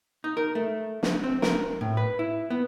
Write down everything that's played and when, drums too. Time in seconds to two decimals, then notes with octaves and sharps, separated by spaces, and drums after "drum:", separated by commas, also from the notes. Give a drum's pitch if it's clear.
0.24 D#4
0.37 A#4
0.55 A3
1.03 drum: snare
1.24 C4
1.42 A#4, drum: snare
1.81 A2
1.97 B4
2.19 E4
2.50 B3